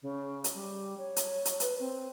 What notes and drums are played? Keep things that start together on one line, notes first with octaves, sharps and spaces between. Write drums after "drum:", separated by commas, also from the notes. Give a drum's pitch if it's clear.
C#3
drum: hi-hat
G3
C#5
drum: hi-hat
drum: hi-hat
B4, drum: hi-hat
C4